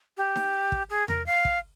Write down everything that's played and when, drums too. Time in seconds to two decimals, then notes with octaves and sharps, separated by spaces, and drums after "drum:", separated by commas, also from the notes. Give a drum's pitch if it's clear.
0.17 G4
0.36 drum: snare D#4
0.72 drum: kick
0.90 G#4
1.08 A#4, drum: tom E2
1.26 F5
1.45 drum: kick